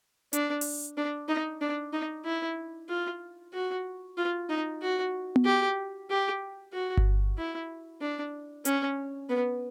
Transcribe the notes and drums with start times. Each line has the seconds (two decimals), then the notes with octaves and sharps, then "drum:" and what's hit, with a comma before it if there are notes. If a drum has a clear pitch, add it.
0.33 D4, drum: hi-hat
0.61 drum: open hi-hat
0.97 D4
1.28 D#4
1.61 D4
1.93 D#4
2.26 E4
2.89 F4
3.54 F#4
4.17 F4
4.49 D#4
4.82 F#4
5.36 drum: tom B3
5.45 G4
6.10 G4
6.73 F#4
6.97 drum: kick G1
7.38 E4
8.01 D4
8.65 C#4, drum: hi-hat
9.29 B3